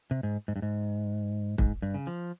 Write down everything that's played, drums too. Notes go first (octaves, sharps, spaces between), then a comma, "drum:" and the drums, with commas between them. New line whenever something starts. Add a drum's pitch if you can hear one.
C3
G#2
G#2
G2
G#2
G#2, drum: kick
G2
C#3
F3